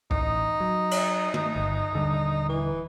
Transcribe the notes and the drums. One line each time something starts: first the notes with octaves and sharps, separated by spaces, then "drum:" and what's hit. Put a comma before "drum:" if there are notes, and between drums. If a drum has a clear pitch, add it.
A1 D#4, drum: kick C#2
F#3
drum: cymbal
drum: tom
G1
D#1 D3 G3
E3